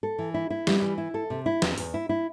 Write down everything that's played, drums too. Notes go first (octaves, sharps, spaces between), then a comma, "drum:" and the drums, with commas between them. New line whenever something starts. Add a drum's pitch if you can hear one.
A4
E3
E4
E4
G3, drum: snare
E3
E4
A4
C3
E4
E2, drum: snare
E2, drum: open hi-hat
E4
E4